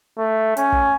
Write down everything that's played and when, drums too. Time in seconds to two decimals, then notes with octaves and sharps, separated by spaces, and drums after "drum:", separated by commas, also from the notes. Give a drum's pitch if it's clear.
0.18 A3
0.57 C#4, drum: hi-hat
0.72 drum: kick